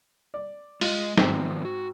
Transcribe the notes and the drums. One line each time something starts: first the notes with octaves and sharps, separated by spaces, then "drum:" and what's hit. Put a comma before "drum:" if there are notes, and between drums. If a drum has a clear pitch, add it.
D5
G#3 F4 D#5, drum: open hi-hat
G#2 D#3 F3 B3 C4, drum: snare
F#4